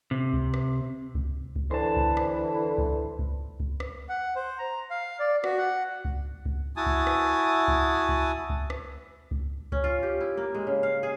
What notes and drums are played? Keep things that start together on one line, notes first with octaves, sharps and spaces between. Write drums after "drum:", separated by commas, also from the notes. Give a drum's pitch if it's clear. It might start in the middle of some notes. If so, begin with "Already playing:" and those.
C3
drum: kick C#2
drum: rim click
drum: kick C#2
drum: kick C#2
D3 E3 C5 A5
drum: kick C#2
drum: rim click
drum: kick C#2
drum: kick C#2
drum: kick C#2
drum: rim click
F#5
C5
A#5
F5
D5
F#4, drum: rim click
F#5
drum: kick C#2
drum: kick C#2
E4 F#4 G#5 A5 D#6
drum: kick C#2
drum: rim click
drum: kick C#2
drum: kick C#2
drum: kick C#2
drum: rim click
drum: kick C#2
C#4, drum: kick C#2
F4
G4
E4
A#3
G#3
C#3
F5
G#4